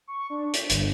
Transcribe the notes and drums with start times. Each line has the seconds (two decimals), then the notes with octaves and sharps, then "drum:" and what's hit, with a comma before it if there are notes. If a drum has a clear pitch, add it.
0.07 C#6
0.30 D4
0.54 B6, drum: hi-hat
0.70 G1, drum: hi-hat